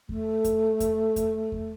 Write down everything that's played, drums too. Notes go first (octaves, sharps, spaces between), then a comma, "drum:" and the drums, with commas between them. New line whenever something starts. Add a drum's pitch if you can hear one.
A3, drum: kick E2
drum: kick E2, hi-hat
drum: kick E2, hi-hat
drum: kick E2, hi-hat
drum: kick E2